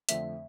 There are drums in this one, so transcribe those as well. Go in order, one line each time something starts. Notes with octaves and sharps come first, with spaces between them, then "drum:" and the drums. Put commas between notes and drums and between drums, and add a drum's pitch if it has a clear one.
F2 D3 F3 A3 C4 E5, drum: hi-hat